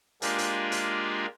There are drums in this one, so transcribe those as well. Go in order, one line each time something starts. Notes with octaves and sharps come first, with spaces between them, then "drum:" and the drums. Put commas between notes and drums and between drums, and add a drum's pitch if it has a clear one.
G#3 A#3 D4 F4 G4 G#4, drum: hi-hat
drum: hi-hat
drum: hi-hat